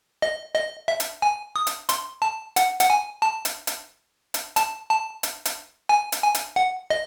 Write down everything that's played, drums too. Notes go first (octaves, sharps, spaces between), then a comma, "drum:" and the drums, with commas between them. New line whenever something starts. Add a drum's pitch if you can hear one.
D#5
D#5
E5
drum: hi-hat
G#5
D#6
drum: hi-hat
C6, drum: hi-hat
A5
F#5, drum: hi-hat
F#5, drum: hi-hat
G#5
A5
drum: hi-hat
drum: hi-hat
drum: hi-hat
A5, drum: hi-hat
A5
drum: hi-hat
drum: hi-hat
G#5
drum: hi-hat
G#5
drum: hi-hat
F#5
D#5